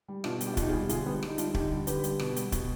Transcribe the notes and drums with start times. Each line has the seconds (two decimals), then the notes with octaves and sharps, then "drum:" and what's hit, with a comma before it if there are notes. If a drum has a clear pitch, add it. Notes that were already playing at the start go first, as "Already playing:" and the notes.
0.08 G3
0.24 B2 D4 F4, drum: rim click
0.41 G3, drum: hi-hat
0.46 G4
0.54 F4
0.57 B2 D#4 G4, drum: kick, hi-hat
0.68 F4 G#4
0.73 G3
0.89 D3 F4 G#4, drum: hi-hat
1.06 G3 B3
1.23 D3, drum: rim click
1.28 D#4
1.38 G3 D4 F4, drum: hi-hat
1.54 D3 D#4 G4, drum: kick
1.71 G3
1.87 D3 G4 B4, drum: hi-hat
2.04 G3, drum: hi-hat
2.19 B2, drum: rim click
2.36 G3, drum: hi-hat
2.52 B2, drum: kick, hi-hat